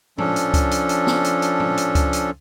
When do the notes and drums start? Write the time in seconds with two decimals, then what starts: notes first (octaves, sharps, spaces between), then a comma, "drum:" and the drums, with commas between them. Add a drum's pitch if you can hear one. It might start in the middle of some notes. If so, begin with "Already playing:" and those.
0.18 F3 C#4 D4 A4, drum: tom
0.36 drum: hi-hat
0.54 drum: kick C#2, hi-hat
0.71 drum: hi-hat
0.89 drum: hi-hat
1.07 drum: snare B3
1.24 drum: hi-hat
1.42 drum: hi-hat
1.60 drum: tom
1.77 drum: hi-hat
1.95 drum: kick C#2, hi-hat
2.13 drum: hi-hat